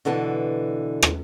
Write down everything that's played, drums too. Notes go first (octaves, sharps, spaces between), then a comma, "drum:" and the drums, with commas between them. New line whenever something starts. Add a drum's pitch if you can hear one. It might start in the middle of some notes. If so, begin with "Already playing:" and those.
B2 D3 E3 A5
drum: rim click